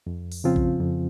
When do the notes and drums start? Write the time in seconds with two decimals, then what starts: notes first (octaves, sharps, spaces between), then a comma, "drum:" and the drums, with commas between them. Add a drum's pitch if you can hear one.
0.07 F2
0.32 drum: open hi-hat
0.44 C#3 F3 C4 F4
0.56 drum: kick
0.80 F2